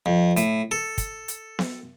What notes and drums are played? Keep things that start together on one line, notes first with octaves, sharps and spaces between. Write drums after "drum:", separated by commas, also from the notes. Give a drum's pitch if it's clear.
F2
A2, drum: hi-hat
A4
drum: kick, hi-hat
drum: hi-hat
drum: snare B3